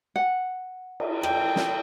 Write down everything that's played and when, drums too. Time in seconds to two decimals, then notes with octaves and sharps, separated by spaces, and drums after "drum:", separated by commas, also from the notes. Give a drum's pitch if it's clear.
0.16 F#5
1.00 drum: cymbal
1.23 A4 G5, drum: rim click
1.56 drum: snare